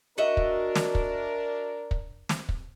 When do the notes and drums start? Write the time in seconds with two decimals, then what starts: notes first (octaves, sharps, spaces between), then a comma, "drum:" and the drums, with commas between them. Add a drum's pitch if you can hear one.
0.18 D4 F#4 A#4 D#5 E5
0.37 drum: kick
0.75 drum: snare
0.95 drum: kick
1.91 drum: kick
2.29 drum: snare
2.49 drum: kick